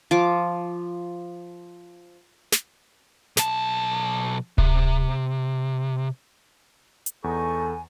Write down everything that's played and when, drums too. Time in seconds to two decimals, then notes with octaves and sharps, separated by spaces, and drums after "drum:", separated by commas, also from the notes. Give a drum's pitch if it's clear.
0.11 F3 D6
2.52 drum: snare
3.37 B1 A5, drum: snare
4.58 C3, drum: kick D1
7.06 drum: hi-hat
7.24 E2 D#4 A4 G#5 C#6